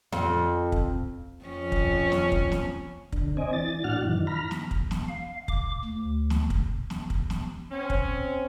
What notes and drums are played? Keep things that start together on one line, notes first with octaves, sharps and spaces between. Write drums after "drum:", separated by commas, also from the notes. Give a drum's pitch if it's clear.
F2, drum: snare
drum: kick
F2 C#4
drum: kick
drum: snare
drum: kick
drum: snare
D3, drum: kick
C4 D5 D#5 G#5
E3 A6
A2 D4 F#4 F#5 F6
F#2 D#3 E3
A#5 B5 F6
drum: snare
drum: kick
drum: snare
F5
D6, drum: kick
D2
drum: snare
drum: kick
drum: snare
drum: kick
drum: snare
C4 C#4
drum: kick